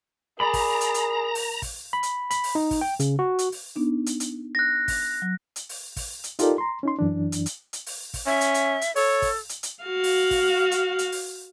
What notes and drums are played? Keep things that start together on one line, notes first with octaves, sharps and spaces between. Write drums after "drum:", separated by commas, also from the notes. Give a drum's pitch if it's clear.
G#4 A#4 D5 A#5 B5
drum: kick, open hi-hat
drum: hi-hat
drum: hi-hat
drum: open hi-hat
drum: kick, open hi-hat
B5
drum: hi-hat
B5, drum: hi-hat
drum: open hi-hat
D#4
drum: kick, open hi-hat
G5
C#3, drum: hi-hat
F#4
drum: hi-hat
drum: open hi-hat
B3 D4 D#4
drum: hi-hat
drum: hi-hat
F#6 A#6
drum: kick, open hi-hat
F#3
drum: hi-hat
drum: open hi-hat
drum: kick, open hi-hat
drum: hi-hat
D#4 F4 G4 A4 A#4 D5, drum: hi-hat
A#5 C6
C#4 D#4 C6
F#2 E3 D4
drum: hi-hat
drum: hi-hat
drum: hi-hat
drum: open hi-hat
drum: kick, open hi-hat
C#4 E5
drum: hi-hat
drum: hi-hat
drum: hi-hat
A4 C#5, drum: open hi-hat
drum: kick, open hi-hat
drum: hi-hat
drum: hi-hat
F#4 F5
drum: open hi-hat
drum: kick, open hi-hat
drum: hi-hat
drum: hi-hat
drum: open hi-hat